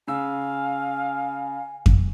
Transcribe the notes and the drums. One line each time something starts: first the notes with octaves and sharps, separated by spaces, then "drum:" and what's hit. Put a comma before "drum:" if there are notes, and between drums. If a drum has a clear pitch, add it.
C#3 F5 G#5 E6
drum: kick F2